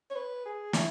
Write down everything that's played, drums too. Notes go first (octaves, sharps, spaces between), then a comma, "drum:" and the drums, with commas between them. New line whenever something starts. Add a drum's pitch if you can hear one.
C#5
B4
G#4
E4, drum: snare